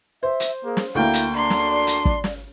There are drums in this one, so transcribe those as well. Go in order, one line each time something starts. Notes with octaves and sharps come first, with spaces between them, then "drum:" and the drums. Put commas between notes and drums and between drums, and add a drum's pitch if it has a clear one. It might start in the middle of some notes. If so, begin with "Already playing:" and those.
C5 E5
drum: hi-hat
A#3 G#4
drum: snare
D2 A#3 E4 F5 G5
drum: hi-hat
D4 A#5 C6
drum: snare
D5
drum: hi-hat
drum: kick
drum: snare